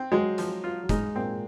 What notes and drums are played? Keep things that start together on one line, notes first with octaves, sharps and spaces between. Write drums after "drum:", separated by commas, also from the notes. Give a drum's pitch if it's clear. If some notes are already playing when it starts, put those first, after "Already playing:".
Already playing: C4
F#3 G#3 F#4
F3, drum: hi-hat
F4
F#3
G#2 G#3 D#4, drum: kick, hi-hat
A#2 A#3 C4